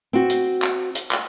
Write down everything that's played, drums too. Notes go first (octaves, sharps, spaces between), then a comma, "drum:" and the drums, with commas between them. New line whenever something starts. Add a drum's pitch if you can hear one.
C4 F#4
drum: hi-hat
drum: clap
drum: hi-hat
drum: clap